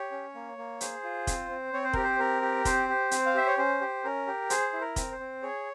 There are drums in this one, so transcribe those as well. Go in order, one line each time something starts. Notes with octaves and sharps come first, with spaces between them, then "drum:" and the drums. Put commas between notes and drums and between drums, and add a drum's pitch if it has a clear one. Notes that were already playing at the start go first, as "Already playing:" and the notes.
Already playing: G4 C#5
C#4
A#3
A#3
G#4 C5, drum: hi-hat
F4
C4, drum: kick, hi-hat
C4
C4 C#5
C5
G4 A#4, drum: kick
C5
C4 A#4
G4
C4 C5, drum: kick, hi-hat
G4
C4, drum: hi-hat
F5
G4 E5
C#5
C#4 C5
G4
C#4 A#4
G4
G#4 C5, drum: hi-hat
E4
A#4
C4, drum: kick, hi-hat
C5
C4
G#4 C#5